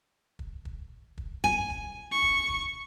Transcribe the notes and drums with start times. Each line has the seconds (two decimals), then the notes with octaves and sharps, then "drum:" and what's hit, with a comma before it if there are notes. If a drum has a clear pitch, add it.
0.39 drum: kick
0.65 drum: kick
1.18 drum: kick
1.44 G#5, drum: kick
1.70 drum: kick
2.12 C#6
2.22 drum: kick
2.49 drum: kick